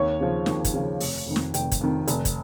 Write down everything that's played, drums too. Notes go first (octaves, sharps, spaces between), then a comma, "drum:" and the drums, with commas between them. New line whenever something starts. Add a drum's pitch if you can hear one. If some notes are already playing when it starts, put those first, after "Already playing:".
Already playing: D#2 C#5
C#3 F3
D#2, drum: snare
drum: kick, hi-hat
C#3 F3
F1, drum: open hi-hat
F2 D#3
drum: snare
F1 G5, drum: hi-hat
drum: kick, hi-hat
F2 D#3
F1, drum: hi-hat
drum: kick, hi-hat